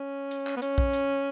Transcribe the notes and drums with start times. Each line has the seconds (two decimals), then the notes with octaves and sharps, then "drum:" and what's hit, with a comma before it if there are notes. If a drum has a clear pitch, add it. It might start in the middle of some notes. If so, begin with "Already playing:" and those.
Already playing: C#4
0.31 drum: hi-hat
0.47 drum: clap
0.56 B3
0.62 C#4, drum: hi-hat
0.78 drum: kick A#1
0.93 drum: hi-hat